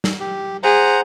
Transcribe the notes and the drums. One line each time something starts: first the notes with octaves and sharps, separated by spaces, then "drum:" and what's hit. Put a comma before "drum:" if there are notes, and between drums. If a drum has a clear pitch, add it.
drum: snare
G4
G#4 C5 F#5 A#5